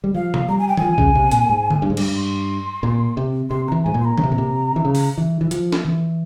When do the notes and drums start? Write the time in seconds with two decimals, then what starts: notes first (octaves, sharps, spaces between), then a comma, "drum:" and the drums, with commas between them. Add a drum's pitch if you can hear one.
0.04 G3
0.14 F3 F5
0.34 drum: tom C3
0.48 G3 A#5
0.59 G#5
0.68 G5
0.77 F3 G#5, drum: tom E3
0.98 C#3, drum: kick
1.15 C3
1.31 A#2, drum: hi-hat
1.49 G#2
1.70 drum: tom D3
1.82 G2
1.90 G#2
1.97 G2, drum: cymbal
2.16 C6
2.83 A#2
3.17 C3
3.50 C3 C6
3.67 E3 A#5
3.83 G#2 G#5
3.94 A#2
4.00 C6
4.05 A#5
4.18 C#3, drum: tom E3
4.23 C3
4.32 A#2
4.38 C3
4.76 E3
4.85 C#3
4.95 drum: open hi-hat
5.18 E3
5.41 E3
5.51 F3, drum: hi-hat
5.72 drum: snare
5.85 E3